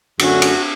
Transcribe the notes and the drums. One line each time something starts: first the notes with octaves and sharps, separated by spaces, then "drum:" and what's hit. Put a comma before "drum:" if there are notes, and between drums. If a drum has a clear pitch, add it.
F#2 D3 A3 C#4 F#4, drum: cymbal
drum: cymbal